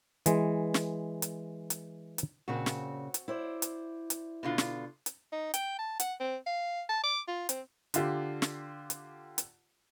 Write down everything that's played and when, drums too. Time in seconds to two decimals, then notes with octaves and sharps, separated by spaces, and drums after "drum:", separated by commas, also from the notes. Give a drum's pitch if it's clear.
0.26 E3 G#3, drum: hi-hat
0.74 drum: snare
1.22 drum: hi-hat
1.70 drum: hi-hat
2.18 drum: hi-hat
2.48 A#2 C#3 C4 F#4
2.66 drum: snare
3.14 drum: hi-hat
3.28 E4 C5 D5
3.62 drum: hi-hat
4.10 drum: hi-hat
4.43 B2 D3 F4
4.58 drum: snare
5.06 drum: hi-hat
5.32 D#4
5.54 G5, drum: hi-hat
5.79 A5
6.00 F#5, drum: hi-hat
6.20 C4
6.46 F5
6.89 A5
7.03 D6
7.28 F4
7.49 C4, drum: hi-hat
7.94 D3 F4 G4, drum: hi-hat
8.42 drum: snare
8.90 drum: hi-hat
9.38 drum: hi-hat